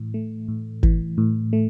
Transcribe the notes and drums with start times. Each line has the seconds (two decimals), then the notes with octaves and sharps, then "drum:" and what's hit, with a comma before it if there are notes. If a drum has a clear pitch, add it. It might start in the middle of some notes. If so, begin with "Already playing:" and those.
Already playing: A2 E3
0.14 A3
0.48 A2
0.83 E3, drum: kick G#1
1.18 A2
1.53 A3